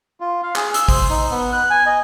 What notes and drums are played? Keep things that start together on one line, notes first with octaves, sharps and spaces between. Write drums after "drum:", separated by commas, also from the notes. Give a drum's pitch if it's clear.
F4
F5
G#4, drum: clap
E6, drum: hi-hat
C5, drum: kick A1, open hi-hat
D#4
B3
F#6
G#5
D#5